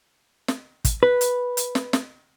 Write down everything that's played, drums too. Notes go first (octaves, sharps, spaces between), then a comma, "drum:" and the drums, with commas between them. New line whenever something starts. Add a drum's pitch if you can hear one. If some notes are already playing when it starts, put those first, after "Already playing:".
drum: snare
drum: kick, hi-hat
B4
drum: hi-hat
drum: hi-hat
drum: snare
drum: snare